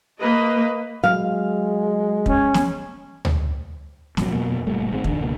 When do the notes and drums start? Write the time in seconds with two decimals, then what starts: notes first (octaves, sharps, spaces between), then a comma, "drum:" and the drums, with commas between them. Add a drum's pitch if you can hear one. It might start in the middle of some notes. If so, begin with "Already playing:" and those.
0.20 A#3 B4 D#5
1.04 F#3 G#3 F5
2.26 C#4, drum: kick
2.54 drum: snare
3.25 drum: tom D2
4.17 E1 A1 F#3, drum: snare
4.33 F2 B2 F#3 A#3
4.67 F#1 A#2 G3 A3
4.92 G#1 G#2 G#3 C4
5.04 F2 D#3 B3 D4, drum: kick
5.21 C#2 B2 A#3